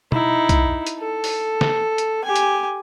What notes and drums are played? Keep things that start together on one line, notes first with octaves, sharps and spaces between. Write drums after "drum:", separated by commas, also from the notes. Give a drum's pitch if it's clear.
D#4 E4, drum: tom B2
drum: kick B1, hi-hat
drum: hi-hat
A4
drum: open hi-hat
drum: snare
drum: hi-hat
G4 G#5
drum: hi-hat